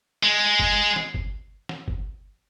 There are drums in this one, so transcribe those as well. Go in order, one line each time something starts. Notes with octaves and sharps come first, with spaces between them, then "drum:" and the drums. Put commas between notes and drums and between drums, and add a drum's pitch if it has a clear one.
G#3
drum: kick F#1
drum: snare
drum: kick F#1
drum: snare
drum: kick F#1